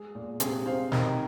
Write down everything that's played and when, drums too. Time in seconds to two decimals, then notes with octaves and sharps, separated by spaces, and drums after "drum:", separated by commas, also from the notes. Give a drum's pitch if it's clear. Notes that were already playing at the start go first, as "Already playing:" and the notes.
Already playing: G#3 G#4
0.15 A#2
0.40 C3 G#4, drum: hi-hat
0.65 C3 C5 F5
0.92 D#3 A#4 D#5, drum: snare